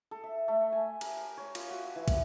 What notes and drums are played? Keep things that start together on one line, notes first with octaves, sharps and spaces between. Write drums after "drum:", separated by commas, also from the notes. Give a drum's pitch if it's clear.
A4
E5
A3
G#5
A#4, drum: cymbal
C#5
F4, drum: cymbal
F#4
E3
drum: kick, cymbal